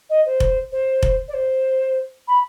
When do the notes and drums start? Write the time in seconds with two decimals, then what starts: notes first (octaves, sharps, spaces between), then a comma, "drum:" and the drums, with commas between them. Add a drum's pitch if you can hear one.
0.09 D#5
0.25 C5
0.40 drum: kick F1
0.72 C5
1.03 drum: kick F1
1.28 D5
1.33 C5
2.27 B5